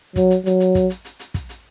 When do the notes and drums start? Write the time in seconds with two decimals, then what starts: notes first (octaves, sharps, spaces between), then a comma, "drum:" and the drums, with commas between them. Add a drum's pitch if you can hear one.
0.16 F#3, drum: kick, hi-hat
0.31 drum: hi-hat
0.46 F#3, drum: hi-hat
0.60 drum: hi-hat
0.75 drum: kick, hi-hat
0.90 drum: hi-hat
1.05 drum: hi-hat
1.20 drum: hi-hat
1.34 drum: kick, hi-hat
1.49 drum: hi-hat